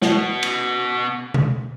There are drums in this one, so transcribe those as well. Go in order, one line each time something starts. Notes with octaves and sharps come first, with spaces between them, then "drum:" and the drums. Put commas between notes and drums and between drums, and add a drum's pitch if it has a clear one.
B2 F#4, drum: snare
drum: cymbal
drum: tom B2